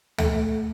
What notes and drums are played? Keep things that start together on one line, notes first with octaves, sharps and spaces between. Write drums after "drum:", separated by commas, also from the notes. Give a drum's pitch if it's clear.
A3, drum: tom D2